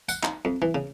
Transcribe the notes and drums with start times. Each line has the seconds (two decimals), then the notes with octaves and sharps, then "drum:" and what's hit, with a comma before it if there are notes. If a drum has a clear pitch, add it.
0.09 F#5, drum: tambourine
0.23 D#4, drum: clap
0.45 F2
0.62 E3
0.75 C#3